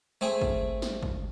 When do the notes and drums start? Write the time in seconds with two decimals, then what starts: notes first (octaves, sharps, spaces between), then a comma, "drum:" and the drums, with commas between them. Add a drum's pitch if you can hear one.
0.21 A3 C4 G#4
0.42 drum: kick
0.82 drum: snare
1.03 drum: kick